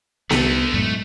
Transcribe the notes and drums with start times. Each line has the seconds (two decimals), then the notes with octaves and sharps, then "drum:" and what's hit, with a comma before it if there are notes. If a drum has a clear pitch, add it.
0.30 C2 D3 A3 B3, drum: snare B3
0.74 F#2 A2 G#3 A3